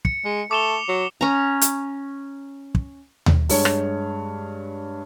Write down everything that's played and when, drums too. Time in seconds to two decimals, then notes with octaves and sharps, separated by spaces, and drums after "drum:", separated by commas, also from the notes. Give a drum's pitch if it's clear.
0.05 C#7, drum: kick
0.25 G#3
0.51 A3 D6 E7 G7
0.89 F#3
1.21 C#4 A#5
1.61 drum: hi-hat
2.75 drum: kick
3.26 drum: tom D#2
3.49 G2 G#3 C#5, drum: open hi-hat
3.65 drum: rim click